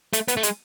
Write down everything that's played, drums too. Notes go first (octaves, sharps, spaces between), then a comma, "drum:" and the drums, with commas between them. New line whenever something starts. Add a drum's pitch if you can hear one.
A3, drum: hi-hat
B3, drum: hi-hat
A3
G#3, drum: hi-hat